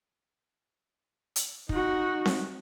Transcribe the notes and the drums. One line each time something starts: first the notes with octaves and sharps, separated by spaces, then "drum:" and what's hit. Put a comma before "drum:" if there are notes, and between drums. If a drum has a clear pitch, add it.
drum: hi-hat
D#4 F#4, drum: kick
drum: snare C4